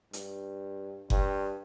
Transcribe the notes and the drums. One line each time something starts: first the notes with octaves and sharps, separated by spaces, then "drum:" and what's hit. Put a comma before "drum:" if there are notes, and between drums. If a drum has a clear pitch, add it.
G2, drum: hi-hat
G2, drum: kick F#1